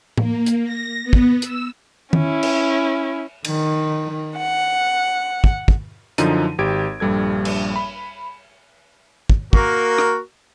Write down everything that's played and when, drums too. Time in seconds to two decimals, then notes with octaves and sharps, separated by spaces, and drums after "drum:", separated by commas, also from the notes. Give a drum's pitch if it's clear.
0.18 A#3, drum: tom A2
0.46 drum: hi-hat
0.65 A#6
1.03 B3
1.13 drum: kick
1.42 E6, drum: hi-hat
2.13 C#4 E4, drum: tom D#3
2.43 drum: cymbal
3.45 D#3, drum: cymbal
4.38 F#5
5.44 drum: kick
5.68 drum: kick
6.18 F#2 D3 F3 D#4 D#7, drum: hi-hat
6.58 G#1 G4 G#6 D7
7.00 A#1 G2 G3 A4 G#6
7.45 drum: cymbal
7.76 B5
9.30 drum: kick
9.53 A#3 F#4 A#4, drum: kick
9.98 drum: rim click